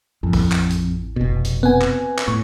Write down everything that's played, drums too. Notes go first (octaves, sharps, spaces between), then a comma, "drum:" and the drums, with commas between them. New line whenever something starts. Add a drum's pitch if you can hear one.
A1 F2
drum: kick, open hi-hat
drum: clap
drum: hi-hat
F1 B2
drum: hi-hat
B3 C4 G#5
drum: clap
drum: clap
A2 C#6